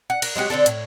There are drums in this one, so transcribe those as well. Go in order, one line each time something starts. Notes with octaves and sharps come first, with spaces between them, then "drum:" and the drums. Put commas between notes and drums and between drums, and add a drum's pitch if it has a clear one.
F#5
A#4, drum: cymbal
F#3 G#3 F#4 G4
D3 C4 D4 A4
A2, drum: hi-hat